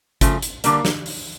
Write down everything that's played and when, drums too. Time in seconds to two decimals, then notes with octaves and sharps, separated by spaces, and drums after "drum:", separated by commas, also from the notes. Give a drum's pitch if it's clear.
0.21 C#3 F3 A3, drum: kick G1, hi-hat
0.42 drum: hi-hat
0.64 D3 G3 A#3, drum: hi-hat
0.85 drum: snare
1.06 drum: open hi-hat